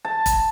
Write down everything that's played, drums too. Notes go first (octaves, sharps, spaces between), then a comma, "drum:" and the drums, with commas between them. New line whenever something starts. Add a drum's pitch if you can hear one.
A5
drum: kick F1, hi-hat